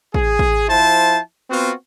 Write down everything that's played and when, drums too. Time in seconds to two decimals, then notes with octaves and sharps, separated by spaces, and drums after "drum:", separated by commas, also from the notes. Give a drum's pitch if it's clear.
0.14 G#4, drum: kick
0.39 drum: kick
0.68 F3 E4 C5 A5
1.50 B3 C4 F4 F#4